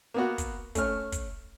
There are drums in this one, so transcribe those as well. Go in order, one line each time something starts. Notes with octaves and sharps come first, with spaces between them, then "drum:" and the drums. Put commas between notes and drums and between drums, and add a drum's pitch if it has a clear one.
A#3 B3 F#4
drum: kick, hi-hat
A3 C#4 F6, drum: kick, hi-hat
drum: kick, hi-hat